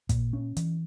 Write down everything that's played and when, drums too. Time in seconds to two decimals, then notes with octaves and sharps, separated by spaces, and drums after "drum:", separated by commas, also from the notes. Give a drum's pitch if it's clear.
0.09 A#2, drum: kick, hi-hat
0.33 C#4
0.57 E3, drum: hi-hat